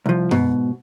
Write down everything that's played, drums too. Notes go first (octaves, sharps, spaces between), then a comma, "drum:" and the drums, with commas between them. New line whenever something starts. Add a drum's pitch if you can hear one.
C2 F3
G#2 B2, drum: tom F#2